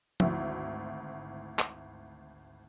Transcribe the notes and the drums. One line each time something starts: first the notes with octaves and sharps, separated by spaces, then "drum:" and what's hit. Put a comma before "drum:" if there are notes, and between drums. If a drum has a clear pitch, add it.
G#1 D2 E4, drum: tom
drum: clap